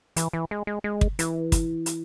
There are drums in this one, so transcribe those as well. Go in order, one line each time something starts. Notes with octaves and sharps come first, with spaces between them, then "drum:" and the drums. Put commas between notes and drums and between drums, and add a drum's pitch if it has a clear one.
E3, drum: hi-hat
E3
G#3
G#3
G#3
drum: kick
E3, drum: hi-hat
drum: kick, hi-hat
drum: hi-hat